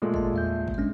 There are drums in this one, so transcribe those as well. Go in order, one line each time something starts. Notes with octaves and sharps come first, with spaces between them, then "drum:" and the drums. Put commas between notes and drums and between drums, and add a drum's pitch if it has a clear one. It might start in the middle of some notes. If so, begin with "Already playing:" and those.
A#2 G#3 A3
D#5 A5, drum: kick
E2 E5 G6
drum: kick
G#3 C#4 D4